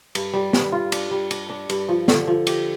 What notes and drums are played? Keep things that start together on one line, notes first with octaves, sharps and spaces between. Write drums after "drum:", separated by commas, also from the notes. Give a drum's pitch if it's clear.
G2, drum: cymbal
G3
G2, drum: snare
F4
D4, drum: cymbal
G3
D4, drum: cymbal
D4
G2, drum: cymbal
F3
D3, drum: snare
F3
G4, drum: cymbal